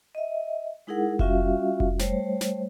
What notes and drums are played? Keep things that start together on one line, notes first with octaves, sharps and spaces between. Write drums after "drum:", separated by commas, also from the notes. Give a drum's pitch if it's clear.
D#5 E5
G#3 D#4 E4 G#4 A#4 F#5
G3 C#4 F4 F#4 E5 F5, drum: kick F1
drum: kick F1
G3 A3 C5 C#5, drum: snare
drum: snare